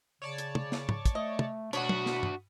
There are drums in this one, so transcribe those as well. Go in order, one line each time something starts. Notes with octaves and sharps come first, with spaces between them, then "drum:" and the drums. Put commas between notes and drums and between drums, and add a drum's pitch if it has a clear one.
C#3 C#5 D5 A5
drum: hi-hat
drum: tom
drum: snare
drum: tom
drum: kick, hi-hat
A3 D#5
drum: tom
B2 D4 F#4 C#5 F#5 B5 C#6 D#6, drum: hi-hat
drum: tom
drum: snare
drum: tom